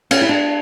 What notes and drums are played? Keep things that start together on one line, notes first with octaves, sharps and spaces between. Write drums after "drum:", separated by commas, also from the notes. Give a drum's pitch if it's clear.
C#4, drum: cymbal
E4
D4